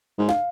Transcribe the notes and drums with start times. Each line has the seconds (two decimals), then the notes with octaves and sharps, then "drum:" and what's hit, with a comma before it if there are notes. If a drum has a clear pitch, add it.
0.18 G#2
0.29 F5, drum: snare